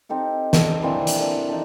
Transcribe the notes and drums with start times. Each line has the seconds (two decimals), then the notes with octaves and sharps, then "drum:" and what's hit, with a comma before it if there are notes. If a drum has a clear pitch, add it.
0.09 C4 D#4 G4 A4
0.53 A5, drum: snare
0.82 E3 A#3 C4 D4
1.07 drum: hi-hat
1.17 D4 A4
1.49 D#4 A5